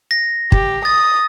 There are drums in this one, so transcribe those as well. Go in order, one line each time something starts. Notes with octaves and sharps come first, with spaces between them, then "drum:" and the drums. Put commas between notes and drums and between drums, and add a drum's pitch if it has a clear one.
A#6
G4, drum: kick
D#6 A6